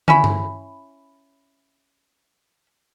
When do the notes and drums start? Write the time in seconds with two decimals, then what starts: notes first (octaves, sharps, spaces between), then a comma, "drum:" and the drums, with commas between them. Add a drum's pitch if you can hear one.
0.08 C#4 E4 B5, drum: tom
0.24 drum: tom G2